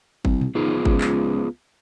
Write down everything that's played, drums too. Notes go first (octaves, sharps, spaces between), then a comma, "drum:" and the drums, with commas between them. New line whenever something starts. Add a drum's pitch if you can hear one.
C2, drum: kick G1
drum: tom B2
D#3 B3 F4 G#4
C#2, drum: kick G1
drum: clap